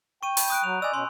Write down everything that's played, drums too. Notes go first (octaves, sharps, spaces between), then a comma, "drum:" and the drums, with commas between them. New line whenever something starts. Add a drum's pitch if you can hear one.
G5 C#6 D#7
B5 G6, drum: open hi-hat
D#6 F#6 D7
F#3 F7
D5 D#5 G#5 E6
B2 C#4 C6